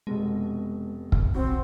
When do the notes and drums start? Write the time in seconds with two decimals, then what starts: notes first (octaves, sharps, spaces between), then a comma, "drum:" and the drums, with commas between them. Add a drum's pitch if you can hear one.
0.07 F1 B2 G#3
1.12 drum: kick
1.35 B1 C4 F#4